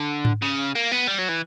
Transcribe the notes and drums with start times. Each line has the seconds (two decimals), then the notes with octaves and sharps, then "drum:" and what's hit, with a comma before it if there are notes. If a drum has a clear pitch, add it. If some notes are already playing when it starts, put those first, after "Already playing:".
Already playing: D3
0.25 drum: tom G#2
0.42 C#3
0.75 A#3
0.92 B3
1.07 G3
1.18 F#3
1.28 E3